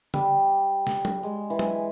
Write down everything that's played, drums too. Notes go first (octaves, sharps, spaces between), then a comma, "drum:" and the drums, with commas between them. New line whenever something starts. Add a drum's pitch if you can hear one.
G3, drum: tom
drum: snare
drum: tom F#3
G#3
E3
drum: tom F#3